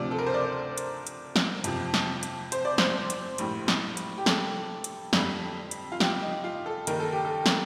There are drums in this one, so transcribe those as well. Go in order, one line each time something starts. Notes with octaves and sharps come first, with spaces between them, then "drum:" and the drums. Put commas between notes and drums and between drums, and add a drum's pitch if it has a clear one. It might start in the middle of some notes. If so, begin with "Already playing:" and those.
Already playing: D2 C3 F3 D5
A4
A#4
C5
D5
drum: hi-hat
drum: hi-hat
drum: snare
F2 C3 F3, drum: hi-hat
drum: snare
drum: hi-hat
C5, drum: hi-hat
D5
C5, drum: snare
drum: hi-hat
A#1 A2 G3, drum: hi-hat
drum: snare
drum: hi-hat
G4
A4, drum: snare
drum: hi-hat
F2 D3 G3, drum: snare
drum: hi-hat
F4
G4, drum: snare
D#4
F4
A4
D#2 D#3 G3 A#4, drum: hi-hat
A4
G4
A4
drum: snare